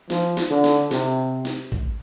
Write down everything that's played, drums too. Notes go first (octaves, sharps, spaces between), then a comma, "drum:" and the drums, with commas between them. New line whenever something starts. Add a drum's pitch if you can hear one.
F3, drum: snare
drum: snare
D3
drum: snare
C3, drum: snare
drum: snare
drum: kick A1